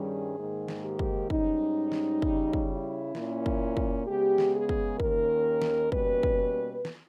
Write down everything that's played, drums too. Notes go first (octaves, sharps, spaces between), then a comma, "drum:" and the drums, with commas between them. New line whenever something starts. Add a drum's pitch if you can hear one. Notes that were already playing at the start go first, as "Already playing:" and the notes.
Already playing: G2 D#3 G3 C#4 G#4
G#2 D#3 A#3
drum: snare
G4
drum: kick
G#2 G3 C#4 D#4, drum: kick
drum: snare
C#3 G3 C#4, drum: kick
drum: kick
E4
A#2 A#3 C#4, drum: snare
drum: kick
drum: kick
C#3 G#3 B3 G4
drum: snare
G#4
drum: kick
D#2 D#3 A#3 C#4 A#4, drum: kick
drum: snare
B2 G3 A#3 C#4 B4, drum: kick
drum: kick
drum: snare